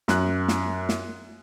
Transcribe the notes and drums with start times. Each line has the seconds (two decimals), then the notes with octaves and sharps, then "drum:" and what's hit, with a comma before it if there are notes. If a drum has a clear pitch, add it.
0.08 F#2 F#6, drum: snare
0.48 drum: snare
0.89 drum: snare